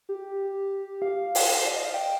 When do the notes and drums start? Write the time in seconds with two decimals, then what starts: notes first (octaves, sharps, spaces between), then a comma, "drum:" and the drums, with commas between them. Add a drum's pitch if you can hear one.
0.09 G4
1.02 F5
1.35 drum: open hi-hat
1.56 C5
1.66 D5
1.76 D#5
1.85 F5
1.94 G5